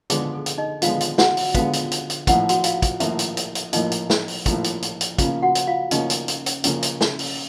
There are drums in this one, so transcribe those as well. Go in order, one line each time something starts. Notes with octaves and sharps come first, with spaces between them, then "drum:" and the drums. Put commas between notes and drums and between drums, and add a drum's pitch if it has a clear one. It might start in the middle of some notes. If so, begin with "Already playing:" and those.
D3 F3 G#3 B3 G#4, drum: hi-hat
A4
drum: hi-hat
D#4 D#5
D3 F3 G#3 B3 F4 F5, drum: hi-hat
drum: hi-hat
F#4 F#5, drum: snare
drum: open hi-hat
D3 F3 G#3 B3 F4 F5, drum: kick, hi-hat
drum: hi-hat
drum: hi-hat
drum: hi-hat
A#1 A2 F3 A#3 F#5, drum: kick, hi-hat
F#4 F#5, drum: hi-hat
F4 F5, drum: hi-hat
drum: kick, hi-hat
A#1 A2 F3 A#3 E4 E5, drum: hi-hat
drum: hi-hat
drum: hi-hat
drum: hi-hat
A#1 A2 F3 A#3 D#4 D#5, drum: hi-hat
drum: hi-hat
drum: snare
drum: open hi-hat
A#1 A2 F3 A#3, drum: kick, hi-hat
drum: hi-hat
drum: hi-hat
drum: hi-hat
C#3 F3 A#3 C#4 F4 F5, drum: kick, hi-hat
F#4 F#5
drum: hi-hat
F4 F5
C#3 F3 A#3 C#4 D#4 D#5, drum: hi-hat
drum: hi-hat
drum: hi-hat
drum: hi-hat
C#3 F3 A#3 C#4, drum: hi-hat
drum: hi-hat
drum: snare
drum: open hi-hat